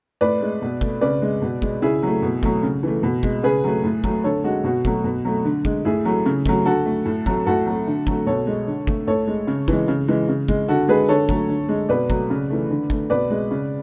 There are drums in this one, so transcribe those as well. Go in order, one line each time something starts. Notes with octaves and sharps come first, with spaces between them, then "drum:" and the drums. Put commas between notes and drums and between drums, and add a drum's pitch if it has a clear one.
A2 B4 D5
G#3
B2
A3, drum: kick
C#3 B4 D5
G#3
B2
G#3, drum: kick
C#3 E4 G#4
F#3 A3
B2
F#3 A3, drum: kick
C#3
E3 A3
B2
G#3, drum: kick
C#3 G#4 B4
F#3 A3
A2
F#3 A3, drum: kick
D3 A4 C#5
G#3 F#4
B2 F#4
F#3 A3, drum: kick
B2
F#3 A3
D3
G#3, drum: kick
A2 E4 G#4
F#3 A3
C#3
F#3 A3, drum: kick
D3 F#4 A4
A3
A2
F#3 A3, drum: kick
A2 F#4 A4
F#3 A3
D3
F#3 A3, drum: kick
B2 A4 C#5
G#3
D3
A3, drum: kick
A2 A4 C#5
G#3
C#3
E3 G#3, drum: kick
C#3
E3 G#3
C#3
G#3, drum: kick
D3 F#4 A4
G#3 G#4 B4
D3 A4 C#5
F#3 A3, drum: kick
D3
G#3
B2 B4 D5
F#3 A3, drum: kick
C#3
E3 A3
D3
A3, drum: kick
B2 B4 D5
G#3
C#3